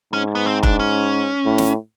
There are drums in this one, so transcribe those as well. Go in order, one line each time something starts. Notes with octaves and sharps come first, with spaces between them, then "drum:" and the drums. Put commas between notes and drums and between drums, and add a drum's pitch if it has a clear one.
G#2 C#4
B3
C4
D4, drum: kick F1
C#4
A2
drum: snare